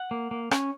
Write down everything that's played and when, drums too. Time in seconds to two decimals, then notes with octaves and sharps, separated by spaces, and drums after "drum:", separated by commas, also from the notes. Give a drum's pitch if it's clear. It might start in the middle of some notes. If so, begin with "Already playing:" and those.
Already playing: F#5
0.11 A#3
0.31 A#3
0.51 C#4, drum: rim click